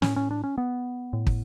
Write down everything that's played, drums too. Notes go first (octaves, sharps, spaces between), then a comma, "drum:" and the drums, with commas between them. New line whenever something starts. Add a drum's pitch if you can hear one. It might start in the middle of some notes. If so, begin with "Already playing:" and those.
A2 C#4, drum: snare
C#4
D4
C#4
B3
A2
drum: kick